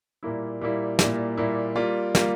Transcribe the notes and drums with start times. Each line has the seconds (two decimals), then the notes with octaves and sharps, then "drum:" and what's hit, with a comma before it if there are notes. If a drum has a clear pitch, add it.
0.23 A#2 G3 A#3 E4
0.61 A#2 G3 A#3 E4
0.99 A#2 G3 A#3 E4, drum: snare
1.37 A#2 G3 A#3 E4
1.76 G3 A#3 F4
2.15 G3 A#3 F4, drum: snare